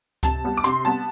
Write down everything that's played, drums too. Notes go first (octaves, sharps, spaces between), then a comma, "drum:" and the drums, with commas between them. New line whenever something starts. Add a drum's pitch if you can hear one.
C3 A5, drum: kick C#2, hi-hat
G3 B3
D6
C3 C6, drum: hi-hat
G3 B3 A5